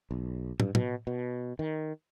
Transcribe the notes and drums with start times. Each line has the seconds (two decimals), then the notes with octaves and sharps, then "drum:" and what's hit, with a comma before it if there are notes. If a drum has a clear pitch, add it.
0.11 B1
0.60 G2, drum: tom
0.75 B2, drum: tom
1.07 B2
1.59 D#3